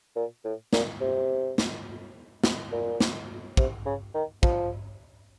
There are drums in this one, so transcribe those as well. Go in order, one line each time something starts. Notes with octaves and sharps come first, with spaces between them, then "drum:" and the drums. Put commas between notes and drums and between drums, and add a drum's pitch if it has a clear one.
A#2
A2
A#2, drum: snare
C3
drum: snare
drum: snare
A#2
drum: snare
C3, drum: kick
C#3
D#3
F3, drum: kick